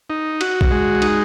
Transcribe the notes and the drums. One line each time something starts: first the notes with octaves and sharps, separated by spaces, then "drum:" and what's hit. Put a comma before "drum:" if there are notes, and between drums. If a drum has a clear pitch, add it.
D#4
F#4, drum: cymbal
drum: kick
G#3
D#4, drum: cymbal